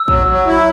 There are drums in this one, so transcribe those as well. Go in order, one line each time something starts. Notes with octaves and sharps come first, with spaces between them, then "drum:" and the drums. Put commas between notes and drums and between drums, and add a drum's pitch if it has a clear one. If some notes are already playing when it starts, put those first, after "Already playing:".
Already playing: E6
F#3, drum: kick
F#3
E4